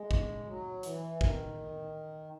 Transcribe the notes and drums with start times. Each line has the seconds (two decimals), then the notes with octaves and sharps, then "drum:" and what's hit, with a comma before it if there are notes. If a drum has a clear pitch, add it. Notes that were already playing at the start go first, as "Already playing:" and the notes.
Already playing: G#3
0.11 drum: kick
0.45 F#3
0.83 E3, drum: hi-hat
1.21 D#3, drum: kick